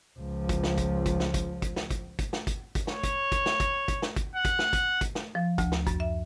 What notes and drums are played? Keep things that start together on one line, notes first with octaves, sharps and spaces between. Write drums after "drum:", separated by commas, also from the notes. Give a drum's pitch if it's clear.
C#2 F3
drum: kick, hi-hat
drum: snare
drum: kick, hi-hat
drum: kick, hi-hat
drum: snare
drum: kick, hi-hat
drum: kick, hi-hat
drum: snare
drum: kick, hi-hat
drum: kick, hi-hat
drum: snare
drum: kick, hi-hat
drum: kick, hi-hat
C#5, drum: snare
drum: kick, hi-hat
drum: kick, hi-hat
drum: snare
drum: kick, hi-hat
drum: kick, hi-hat
drum: snare
drum: kick, hi-hat
F#5
drum: kick, hi-hat
drum: snare
drum: kick, hi-hat
drum: kick, hi-hat
drum: snare
F3
D2, drum: kick, hi-hat
drum: snare
F#2, drum: kick, hi-hat
E5